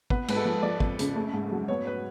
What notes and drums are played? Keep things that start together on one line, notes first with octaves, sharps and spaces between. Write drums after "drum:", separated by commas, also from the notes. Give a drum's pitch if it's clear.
B3 B4, drum: kick
G#2 B4, drum: cymbal
A4
F3
F3 D5
F2, drum: kick
C#3, drum: hi-hat
A3
G#2
F#3
B3 C#5
B4